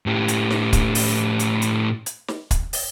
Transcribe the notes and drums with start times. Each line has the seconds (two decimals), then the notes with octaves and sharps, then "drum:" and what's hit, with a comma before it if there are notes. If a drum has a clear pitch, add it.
0.06 A2 G4
0.28 drum: hi-hat
0.50 drum: snare
0.73 drum: kick, hi-hat
0.95 drum: open hi-hat
1.39 drum: hi-hat
1.62 drum: hi-hat
2.06 drum: hi-hat
2.28 drum: snare
2.51 drum: kick, hi-hat
2.73 drum: open hi-hat